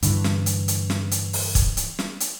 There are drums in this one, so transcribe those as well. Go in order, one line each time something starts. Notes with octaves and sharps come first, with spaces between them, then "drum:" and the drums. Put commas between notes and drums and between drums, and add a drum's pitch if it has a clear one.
G2 D3 E3, drum: hi-hat
drum: snare
drum: hi-hat
drum: hi-hat
drum: snare
drum: hi-hat
drum: open hi-hat
drum: kick, hi-hat
drum: hi-hat
drum: snare
drum: hi-hat